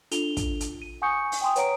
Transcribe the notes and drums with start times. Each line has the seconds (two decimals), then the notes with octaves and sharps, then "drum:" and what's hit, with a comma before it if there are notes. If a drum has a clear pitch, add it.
0.11 D4 F4 A4 F7 G7, drum: hi-hat
0.37 drum: kick, hi-hat
0.60 drum: hi-hat
0.82 D#7
1.02 F#5 G#5 C#6 D#6 G6 C#7
1.32 drum: open hi-hat
1.41 G5 G#5 C6 D#6
1.56 B4 C#5 F#5 A#5 D7, drum: hi-hat